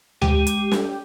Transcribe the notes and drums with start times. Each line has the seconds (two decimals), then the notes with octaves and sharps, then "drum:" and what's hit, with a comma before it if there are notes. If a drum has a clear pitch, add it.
0.22 G#3 G4, drum: tom D2
0.47 drum: hi-hat
0.71 drum: snare